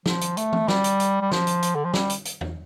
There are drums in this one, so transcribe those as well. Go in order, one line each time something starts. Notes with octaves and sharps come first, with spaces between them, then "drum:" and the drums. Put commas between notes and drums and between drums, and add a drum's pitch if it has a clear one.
F3, drum: snare
drum: hi-hat
A3, drum: hi-hat
drum: tom E3
G3, drum: snare
drum: hi-hat
drum: hi-hat
G3
F3, drum: snare
drum: hi-hat
drum: hi-hat
D3
F3
G3, drum: snare
drum: hi-hat
drum: hi-hat
drum: tom E2